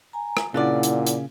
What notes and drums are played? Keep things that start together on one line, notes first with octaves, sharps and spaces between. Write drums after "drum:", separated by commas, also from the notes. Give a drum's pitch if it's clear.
G#5 A#5
drum: rim click
A#2 C#3 D4 E4 F4 D5 F#5
drum: hi-hat
drum: hi-hat